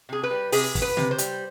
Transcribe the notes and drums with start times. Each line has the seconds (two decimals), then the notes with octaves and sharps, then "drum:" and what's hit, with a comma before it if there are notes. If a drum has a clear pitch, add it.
0.09 C3 G#4
0.24 B4
0.31 G3
0.52 C3 G#4, drum: open hi-hat
0.75 B3, drum: kick, open hi-hat
0.82 B4
0.97 C3, drum: tom C#3
1.11 C5
1.18 G3, drum: hi-hat